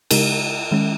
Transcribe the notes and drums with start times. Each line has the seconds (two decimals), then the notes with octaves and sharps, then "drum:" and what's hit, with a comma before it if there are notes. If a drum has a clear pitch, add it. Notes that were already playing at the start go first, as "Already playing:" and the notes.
0.11 C#3 G#3 D#4 G4 A#4, drum: cymbal
0.71 D#3 G#3 C#4